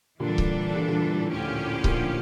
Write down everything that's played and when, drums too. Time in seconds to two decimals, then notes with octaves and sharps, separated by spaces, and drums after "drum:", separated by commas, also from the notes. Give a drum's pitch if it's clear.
0.20 A#2 D3 E3 G3 D4 A4
0.38 drum: kick C#1
0.74 A#2 D3
0.88 A#2 D3
1.01 A#2
1.16 A2
1.29 D2 A2 D3 F3 C#4 G4
1.47 A#2
1.66 A2
1.84 A#2, drum: kick C#1